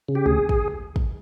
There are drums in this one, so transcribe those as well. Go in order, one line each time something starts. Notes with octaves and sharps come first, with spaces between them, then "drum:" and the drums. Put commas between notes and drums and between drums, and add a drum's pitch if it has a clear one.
C#3
G4
D2 G#4
drum: kick
drum: kick